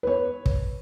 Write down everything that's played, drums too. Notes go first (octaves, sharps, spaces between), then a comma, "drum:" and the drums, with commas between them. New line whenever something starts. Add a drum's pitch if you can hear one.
B4 C#5
drum: kick